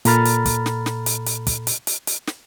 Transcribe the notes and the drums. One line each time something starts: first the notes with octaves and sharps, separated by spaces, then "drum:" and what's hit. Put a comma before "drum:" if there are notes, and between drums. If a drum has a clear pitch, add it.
A#2 A4 A#5 B5 F6 A6, drum: hi-hat
drum: hi-hat
drum: kick, hi-hat
drum: snare
drum: snare
drum: hi-hat
drum: hi-hat
drum: kick, hi-hat
drum: hi-hat
drum: hi-hat
drum: hi-hat
drum: snare